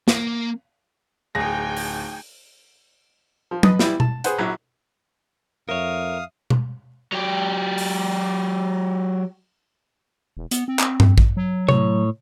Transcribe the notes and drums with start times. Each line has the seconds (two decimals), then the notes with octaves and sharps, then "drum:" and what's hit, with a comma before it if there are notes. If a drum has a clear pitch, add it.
0.08 A#3, drum: snare
1.35 D1 D#4 G#4 G5 G#5 A#6
1.77 drum: open hi-hat
3.51 F3
3.63 B4 D#5 D#6, drum: tom F#3
3.79 E3 G3 E4, drum: snare
4.00 A5, drum: tom B2
4.24 G#4 B4 C5 F#5, drum: hi-hat
4.38 A#1 F#3 E4 F#4
5.69 F2 A#4 C#5 E5 F5 D#6
6.50 drum: tom B2
7.13 F#3 G4
7.78 drum: open hi-hat
10.37 E1
10.51 B3, drum: hi-hat
10.68 C4
10.79 drum: clap
11.00 drum: tom G2
11.18 drum: kick A1
11.37 F#3
11.69 A2 C#5, drum: tom C3